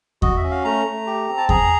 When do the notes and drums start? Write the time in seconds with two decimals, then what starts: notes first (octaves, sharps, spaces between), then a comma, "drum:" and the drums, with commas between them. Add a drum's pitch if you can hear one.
0.22 F#4 D#5, drum: kick E2
0.37 E5
0.43 C#4
0.51 F5
0.64 A3 A#5
0.86 A3
1.07 G4
1.29 C4
1.37 A5
1.49 G#4 A#5, drum: kick E2